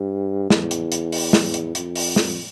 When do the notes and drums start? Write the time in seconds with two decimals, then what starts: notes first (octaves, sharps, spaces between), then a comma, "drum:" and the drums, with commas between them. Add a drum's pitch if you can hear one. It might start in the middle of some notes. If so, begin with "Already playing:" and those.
Already playing: G2
0.50 E2, drum: snare
0.71 drum: hi-hat
0.92 drum: hi-hat
1.12 drum: open hi-hat
1.33 drum: snare
1.54 drum: hi-hat
1.75 F2, drum: hi-hat
1.96 drum: open hi-hat
2.16 drum: snare